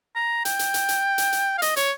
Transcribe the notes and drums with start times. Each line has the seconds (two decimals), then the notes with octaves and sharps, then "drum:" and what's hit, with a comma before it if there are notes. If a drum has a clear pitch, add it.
0.16 A#5
0.45 G5, drum: hi-hat
0.59 drum: hi-hat
0.74 drum: hi-hat
0.89 drum: hi-hat
1.18 drum: hi-hat
1.33 drum: hi-hat
1.58 F5
1.62 D#5, drum: hi-hat
1.76 C#5, drum: hi-hat